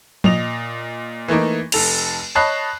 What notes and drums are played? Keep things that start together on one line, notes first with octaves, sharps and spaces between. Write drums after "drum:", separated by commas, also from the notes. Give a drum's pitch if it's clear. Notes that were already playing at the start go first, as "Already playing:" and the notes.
A#2 D#5 F7, drum: tom F3
E3 A3 A#3 D#4
F1 A4 F7, drum: cymbal
C#5 D#5 A5 B5 F#6 C7